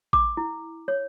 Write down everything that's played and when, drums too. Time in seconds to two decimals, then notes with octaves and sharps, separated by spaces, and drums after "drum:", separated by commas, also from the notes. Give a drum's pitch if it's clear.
0.13 D6, drum: kick A1
0.37 E4
0.88 C#5